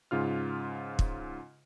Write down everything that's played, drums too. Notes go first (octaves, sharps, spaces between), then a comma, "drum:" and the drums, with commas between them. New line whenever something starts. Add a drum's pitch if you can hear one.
G#2 C#3 F4 F6
drum: kick